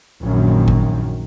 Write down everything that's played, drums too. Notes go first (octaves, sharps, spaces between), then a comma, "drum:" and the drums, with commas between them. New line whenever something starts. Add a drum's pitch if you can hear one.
A#1 F#2 D#3
drum: kick G#1